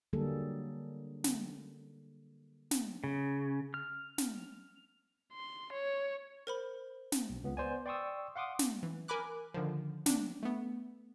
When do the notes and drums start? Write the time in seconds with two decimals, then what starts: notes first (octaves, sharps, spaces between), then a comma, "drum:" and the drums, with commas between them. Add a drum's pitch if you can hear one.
0.13 D3 F#3 G3 A#3 G#4 A4
1.24 drum: snare
2.71 drum: snare
3.04 C#3
3.74 F6
4.18 drum: snare
5.34 C6
5.73 C#5
6.47 A#4 C5 B5
7.12 drum: snare
7.30 B1
7.44 C#2 B3
7.57 B3 C5 D5 G#5
7.86 D5 G5 C6 C#6 D#6 E6
8.36 F5 F#5 C6 D6 D#6
8.59 drum: snare
8.83 E3
9.08 A#4 G#5 B5 D6 F#6
9.54 D3 D#3 F3
10.06 D4, drum: snare
10.43 A3 B3